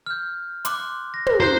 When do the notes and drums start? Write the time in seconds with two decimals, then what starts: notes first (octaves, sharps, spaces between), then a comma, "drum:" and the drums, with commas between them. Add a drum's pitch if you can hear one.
0.06 F6 G6
0.65 C6 D6 F#6, drum: hi-hat
1.14 A#6
1.26 drum: tom
1.40 C5 A#5 F#6